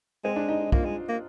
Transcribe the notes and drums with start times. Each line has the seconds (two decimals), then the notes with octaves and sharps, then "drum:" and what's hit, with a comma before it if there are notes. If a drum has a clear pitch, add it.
0.24 G#3 C4
0.36 D4
0.49 D#4
0.60 D#4
0.72 A#3 F4, drum: kick
0.85 G#3
1.09 A#3